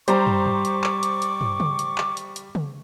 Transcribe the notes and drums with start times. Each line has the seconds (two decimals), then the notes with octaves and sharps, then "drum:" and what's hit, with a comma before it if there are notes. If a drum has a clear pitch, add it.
0.08 G3 C5 A#5 C#6 D6, drum: hi-hat
0.27 drum: tom
0.46 drum: tom
0.65 drum: hi-hat
0.84 drum: clap
1.03 drum: hi-hat
1.22 drum: hi-hat
1.41 drum: tom
1.60 drum: tom C#3
1.79 drum: hi-hat
1.98 drum: clap
2.17 drum: hi-hat
2.36 drum: hi-hat
2.55 drum: tom C#3